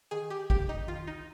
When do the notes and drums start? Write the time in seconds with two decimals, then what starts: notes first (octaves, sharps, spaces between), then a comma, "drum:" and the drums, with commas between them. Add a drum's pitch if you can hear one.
0.11 D#3 G#4
0.30 G4
0.50 F2 G4, drum: kick
0.69 D#4
0.88 D#3 F4
1.07 D#4